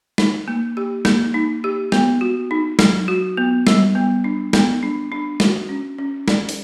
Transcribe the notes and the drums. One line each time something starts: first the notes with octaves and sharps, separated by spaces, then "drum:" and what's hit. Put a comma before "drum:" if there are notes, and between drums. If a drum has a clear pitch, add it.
D#4, drum: snare
A#3
G4
A#3, drum: snare
D#4
G4
B3, drum: snare
F#4
D#4
F#3, drum: snare
F#4
B3
G3, drum: snare
B3
D4
B3, drum: snare
D4
D4
F#4, drum: snare
C#4
C#4
D5, drum: snare
drum: open hi-hat